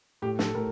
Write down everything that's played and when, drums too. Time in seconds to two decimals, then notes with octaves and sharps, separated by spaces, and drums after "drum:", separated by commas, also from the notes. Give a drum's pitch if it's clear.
0.22 A2 G4
0.39 A4, drum: snare
0.54 A2 A#4